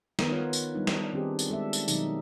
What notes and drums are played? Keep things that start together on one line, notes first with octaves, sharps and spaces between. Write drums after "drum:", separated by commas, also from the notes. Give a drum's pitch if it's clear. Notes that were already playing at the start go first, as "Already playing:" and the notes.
D#3 B3 A#4 B4, drum: snare
F4 C#5
drum: tambourine
G3 D4 D#4
drum: snare
D#3 C4 D4 G4 G#4 C5
drum: tambourine
G#3 A4 D5 E5
drum: tambourine
B2 D#3 F#3 D#4, drum: tambourine